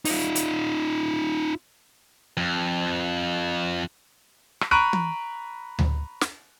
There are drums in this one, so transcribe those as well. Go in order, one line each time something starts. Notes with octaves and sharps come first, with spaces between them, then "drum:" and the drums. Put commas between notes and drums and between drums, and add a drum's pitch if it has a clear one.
D#4 F4, drum: open hi-hat
drum: hi-hat
F2
drum: rim click
A#5 B5 C#6 F#6 D7 D#7
drum: tom E3
drum: tom D2
drum: snare